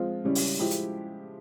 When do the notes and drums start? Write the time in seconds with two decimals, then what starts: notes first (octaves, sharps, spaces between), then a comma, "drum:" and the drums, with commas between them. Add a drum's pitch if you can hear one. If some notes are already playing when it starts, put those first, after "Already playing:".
Already playing: F3 G#3 C4 F4
0.24 C#3 G3 C#4 E4
0.35 drum: open hi-hat
0.59 F3 G#3 E4 G4
0.71 drum: hi-hat